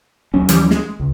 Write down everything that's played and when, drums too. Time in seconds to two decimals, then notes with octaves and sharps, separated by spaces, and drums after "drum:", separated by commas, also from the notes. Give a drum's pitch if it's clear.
0.34 D#2 F#3 C#4
0.49 E3 F3 G3, drum: hi-hat
0.71 G#3, drum: snare
1.00 C#2